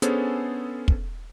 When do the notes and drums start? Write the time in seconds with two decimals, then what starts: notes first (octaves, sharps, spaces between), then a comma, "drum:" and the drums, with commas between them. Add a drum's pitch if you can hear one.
0.02 B3 C#4 D4 G#4 A4 C5, drum: hi-hat
0.88 drum: kick